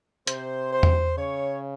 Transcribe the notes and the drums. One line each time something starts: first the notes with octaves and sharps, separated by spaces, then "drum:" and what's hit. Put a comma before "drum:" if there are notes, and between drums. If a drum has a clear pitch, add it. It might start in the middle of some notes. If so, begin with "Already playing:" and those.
C3 C5, drum: hi-hat
C5
drum: tom E2
C#3 C#5